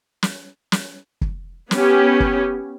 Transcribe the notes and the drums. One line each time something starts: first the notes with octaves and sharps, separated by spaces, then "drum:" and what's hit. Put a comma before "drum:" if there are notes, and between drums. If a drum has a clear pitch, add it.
drum: snare
drum: snare
drum: kick
B3 C#4 G4, drum: snare
drum: kick